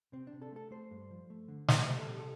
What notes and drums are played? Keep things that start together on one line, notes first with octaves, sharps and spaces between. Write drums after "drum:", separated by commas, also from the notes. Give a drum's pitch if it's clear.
C3 C4
D4
C3
A4
A3 A4
A3 C5
G2
F3
A3
D3
A3, drum: snare
G3 C5
A4
C3 G4
A4